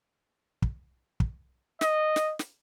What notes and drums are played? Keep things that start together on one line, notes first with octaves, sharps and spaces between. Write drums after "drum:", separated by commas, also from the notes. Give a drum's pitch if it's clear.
drum: kick
drum: kick
D#5, drum: snare
drum: snare
drum: snare